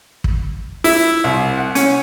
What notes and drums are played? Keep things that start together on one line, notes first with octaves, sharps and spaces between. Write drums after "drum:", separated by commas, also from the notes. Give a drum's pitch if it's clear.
drum: kick
E4, drum: open hi-hat
C2
F#5
C#4, drum: hi-hat